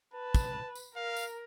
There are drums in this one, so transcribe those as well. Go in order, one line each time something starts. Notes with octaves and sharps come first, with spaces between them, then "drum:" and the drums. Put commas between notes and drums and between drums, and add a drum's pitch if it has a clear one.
B4 A5
drum: kick, tambourine
drum: tambourine
A#4 F5
drum: tambourine